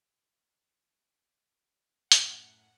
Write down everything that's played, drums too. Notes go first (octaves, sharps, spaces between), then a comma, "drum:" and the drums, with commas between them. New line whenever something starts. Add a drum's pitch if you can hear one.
F#2 A2 F#5, drum: hi-hat